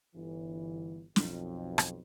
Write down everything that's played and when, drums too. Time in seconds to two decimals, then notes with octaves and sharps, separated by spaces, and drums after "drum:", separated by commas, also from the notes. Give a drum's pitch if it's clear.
0.16 G1 E3
1.16 B1 F2, drum: snare
1.78 drum: rim click